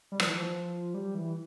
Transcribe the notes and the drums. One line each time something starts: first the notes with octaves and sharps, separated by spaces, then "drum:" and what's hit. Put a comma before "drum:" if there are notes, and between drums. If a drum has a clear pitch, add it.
G3
F3, drum: rim click
E3
F3
G3
E3